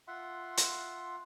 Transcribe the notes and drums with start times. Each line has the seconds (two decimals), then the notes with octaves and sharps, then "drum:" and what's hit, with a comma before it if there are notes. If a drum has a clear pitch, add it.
0.08 F4 E5 F#5 C6
0.58 drum: hi-hat